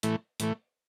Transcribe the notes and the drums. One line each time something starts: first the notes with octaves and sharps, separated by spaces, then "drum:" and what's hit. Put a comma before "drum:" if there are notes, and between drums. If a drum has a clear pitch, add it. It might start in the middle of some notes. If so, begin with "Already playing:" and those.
A2 E3 A3, drum: hi-hat
A2 E3 A3, drum: hi-hat